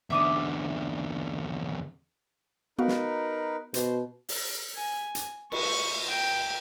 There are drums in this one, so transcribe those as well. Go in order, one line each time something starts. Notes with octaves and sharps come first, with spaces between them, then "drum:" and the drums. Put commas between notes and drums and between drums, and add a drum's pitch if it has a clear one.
E2 D3 E5 D6 D#6
B3 D#4 F#4 A#4 B4 F5
drum: snare
B2 C5, drum: hi-hat
drum: open hi-hat
G#5
drum: hi-hat
C#6, drum: cymbal
G5